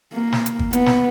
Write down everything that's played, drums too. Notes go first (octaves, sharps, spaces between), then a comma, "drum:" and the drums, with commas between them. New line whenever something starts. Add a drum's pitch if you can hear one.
A#3
drum: snare
drum: hi-hat
drum: kick G1
B3, drum: hi-hat
drum: snare